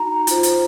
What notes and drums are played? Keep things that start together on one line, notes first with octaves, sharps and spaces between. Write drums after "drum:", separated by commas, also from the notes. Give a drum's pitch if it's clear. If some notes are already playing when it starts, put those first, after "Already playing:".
Already playing: D#4 F#4 A#5
F4 C5, drum: hi-hat
drum: hi-hat